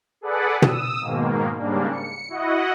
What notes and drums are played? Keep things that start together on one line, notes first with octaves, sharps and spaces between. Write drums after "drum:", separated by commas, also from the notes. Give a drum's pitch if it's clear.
G#4 A4 B4 D5 F#5
D#6 E6, drum: tom
G#2 B2 D#3 A#3
G#2 C#3 G3 A#3 D4
C#7
E4 F#4 D#5 F#5